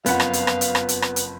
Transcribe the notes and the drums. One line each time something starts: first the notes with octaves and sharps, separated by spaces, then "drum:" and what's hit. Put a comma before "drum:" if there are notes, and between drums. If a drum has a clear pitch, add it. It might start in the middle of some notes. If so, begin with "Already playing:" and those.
F#1 F2 B3 B4 F5 F#5, drum: hi-hat
drum: rim click
drum: hi-hat
drum: rim click
drum: hi-hat
drum: rim click
drum: hi-hat
drum: rim click
drum: hi-hat